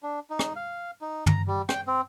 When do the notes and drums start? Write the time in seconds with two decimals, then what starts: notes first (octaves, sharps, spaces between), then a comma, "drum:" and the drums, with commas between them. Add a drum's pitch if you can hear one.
0.03 D4
0.30 D#4
0.39 drum: rim click
0.56 F5
1.01 D#4
1.26 A#5, drum: tom
1.47 G3
1.69 G5, drum: rim click
1.87 C4